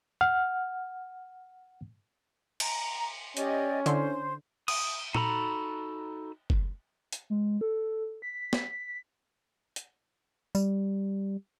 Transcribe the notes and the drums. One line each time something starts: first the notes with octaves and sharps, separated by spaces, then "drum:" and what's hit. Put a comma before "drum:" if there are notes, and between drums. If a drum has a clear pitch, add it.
F#5 F6
A#5, drum: cymbal
C#4 G4 D5 D#5, drum: hi-hat
D3 E4 C5 C6, drum: hi-hat
D#6, drum: cymbal
D#4 F#4 A4 A#5 B5, drum: tom A#2
drum: kick F#1
drum: hi-hat
G#3
A4
B6
drum: snare
drum: hi-hat
G3, drum: tambourine